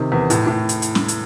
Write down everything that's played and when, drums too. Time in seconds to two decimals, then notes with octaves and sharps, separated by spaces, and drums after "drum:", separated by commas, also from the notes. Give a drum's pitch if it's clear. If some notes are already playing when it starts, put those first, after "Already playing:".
Already playing: C3 D#3
0.12 E2
0.30 A2, drum: hi-hat
0.47 A2
0.69 drum: hi-hat
0.82 drum: hi-hat
0.95 drum: snare
1.08 drum: hi-hat